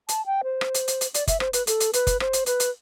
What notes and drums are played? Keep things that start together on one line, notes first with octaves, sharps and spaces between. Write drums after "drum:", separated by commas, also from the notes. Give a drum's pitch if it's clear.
A5, drum: hi-hat
G5
C5
drum: rim click
drum: hi-hat
drum: hi-hat
drum: hi-hat
D5, drum: hi-hat
E5, drum: kick, hi-hat
C5, drum: rim click
B4, drum: hi-hat
A4, drum: hi-hat
drum: hi-hat
B4, drum: hi-hat
drum: kick, hi-hat
C5, drum: rim click
drum: hi-hat
B4, drum: hi-hat
drum: hi-hat